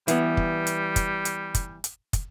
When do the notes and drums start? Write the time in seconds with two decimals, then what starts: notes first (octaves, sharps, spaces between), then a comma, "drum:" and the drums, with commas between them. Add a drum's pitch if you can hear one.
0.08 E3 G3 B3, drum: hi-hat
0.37 drum: kick
0.67 drum: hi-hat
0.96 drum: kick, hi-hat
1.25 drum: hi-hat
1.55 drum: kick, hi-hat
1.84 drum: hi-hat
2.13 drum: kick, hi-hat